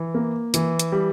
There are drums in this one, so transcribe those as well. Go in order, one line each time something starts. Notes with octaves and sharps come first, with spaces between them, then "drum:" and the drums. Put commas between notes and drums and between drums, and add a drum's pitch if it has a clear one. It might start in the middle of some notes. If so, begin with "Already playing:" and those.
Already playing: E3
A#3
E3, drum: hi-hat
drum: hi-hat
G3